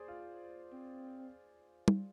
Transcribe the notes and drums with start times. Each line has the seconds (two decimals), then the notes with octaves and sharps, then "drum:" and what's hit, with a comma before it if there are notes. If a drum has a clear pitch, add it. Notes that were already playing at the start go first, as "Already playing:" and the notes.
Already playing: G#4 C5 D5
0.08 F4
0.72 C4
1.88 drum: tom